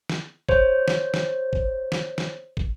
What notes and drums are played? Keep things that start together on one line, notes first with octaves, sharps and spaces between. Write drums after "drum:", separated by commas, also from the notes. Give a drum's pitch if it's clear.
drum: snare
C5 C#5, drum: kick
drum: snare
drum: snare
drum: kick
drum: snare
drum: snare
drum: kick